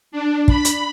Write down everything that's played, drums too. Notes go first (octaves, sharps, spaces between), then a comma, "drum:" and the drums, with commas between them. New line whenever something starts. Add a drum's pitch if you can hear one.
D4
B5, drum: kick
drum: hi-hat